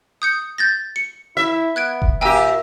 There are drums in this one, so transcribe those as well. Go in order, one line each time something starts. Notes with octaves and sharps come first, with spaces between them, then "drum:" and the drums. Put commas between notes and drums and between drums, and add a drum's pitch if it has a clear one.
D#6 G6 C#7
G6 A6 A#6
C#7
E4 E5
B3 F#6 G#6 D7
drum: kick F1
A#2 G4 E5 G5 G#5 E6